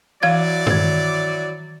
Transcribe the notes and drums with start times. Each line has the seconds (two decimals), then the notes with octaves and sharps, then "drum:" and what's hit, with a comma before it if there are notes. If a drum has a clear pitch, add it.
0.23 E3 F#3 E4 D5 F5 G#6
0.67 D#3 G#6, drum: tom G2